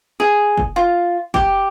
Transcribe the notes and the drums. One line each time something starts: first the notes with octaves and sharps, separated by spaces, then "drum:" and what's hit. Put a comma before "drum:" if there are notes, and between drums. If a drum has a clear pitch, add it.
G#4
drum: kick
F4
G4, drum: kick